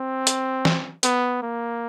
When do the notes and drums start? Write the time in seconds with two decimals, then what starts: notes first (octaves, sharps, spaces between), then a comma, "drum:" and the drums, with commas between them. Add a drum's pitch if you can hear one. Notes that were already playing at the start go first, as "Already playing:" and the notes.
Already playing: C4
0.27 drum: hi-hat
0.65 drum: snare
1.03 B3, drum: hi-hat
1.42 A#3